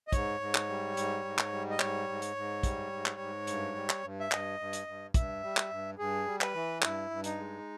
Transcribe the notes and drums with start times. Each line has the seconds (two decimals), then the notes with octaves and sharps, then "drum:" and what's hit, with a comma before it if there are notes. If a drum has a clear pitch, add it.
0.08 D#5
0.12 G#2 C#5, drum: kick, hi-hat
0.40 G#2
0.55 drum: clap
0.69 G3
0.97 G#2, drum: hi-hat
1.25 G#2
1.38 drum: clap
1.52 G3
1.70 D#5
1.80 G#2 C#5, drum: clap
2.09 G#2
2.22 drum: hi-hat
2.36 G#2
2.63 G3, drum: kick, hi-hat
2.92 G#2
3.06 drum: clap
3.20 G#2
3.47 G2, drum: hi-hat
3.75 G3
3.89 drum: clap
4.03 G2
4.20 E5
4.32 G2 D#5, drum: clap
4.60 G2
4.73 drum: hi-hat
4.87 G2
5.14 G2 E5, drum: kick, hi-hat
5.43 G3
5.57 drum: clap
5.70 G2
5.98 G2 G#4
6.26 G3
6.41 B4, drum: clap
6.54 E3
6.82 G2 E4, drum: clap
7.10 G2
7.24 D#4, drum: hi-hat
7.38 G#3